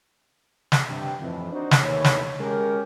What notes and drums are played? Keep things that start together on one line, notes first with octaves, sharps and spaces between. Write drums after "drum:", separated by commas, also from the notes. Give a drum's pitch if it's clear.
drum: snare
G2 C3 G5
F2 A2 E3
D4 D#4 F#4 C5 D5
drum: snare
D#2 A2 E3 C#5
drum: snare
G#3 C#4 G4 A#4